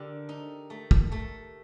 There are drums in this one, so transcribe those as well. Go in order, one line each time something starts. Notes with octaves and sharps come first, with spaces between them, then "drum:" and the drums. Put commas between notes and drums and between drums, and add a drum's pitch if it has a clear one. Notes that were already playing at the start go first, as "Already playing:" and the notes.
Already playing: D3 G4 A4 A#4
D#4
A3
drum: kick
A3